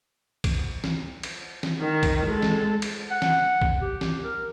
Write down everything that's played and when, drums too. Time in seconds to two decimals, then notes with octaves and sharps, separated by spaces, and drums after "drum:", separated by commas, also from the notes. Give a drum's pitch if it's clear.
0.44 drum: kick, cymbal
0.84 drum: snare
1.23 drum: cymbal
1.63 drum: snare
1.80 D#3
2.03 drum: kick, cymbal
2.26 G#3 A4
2.42 drum: snare
2.82 drum: cymbal
3.11 F#5
3.22 drum: snare
3.62 drum: kick
3.81 G4
4.01 drum: snare
4.24 A#4